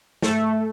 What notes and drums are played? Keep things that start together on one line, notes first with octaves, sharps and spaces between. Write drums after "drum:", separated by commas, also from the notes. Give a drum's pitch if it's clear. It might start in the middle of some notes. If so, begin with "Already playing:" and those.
A3, drum: snare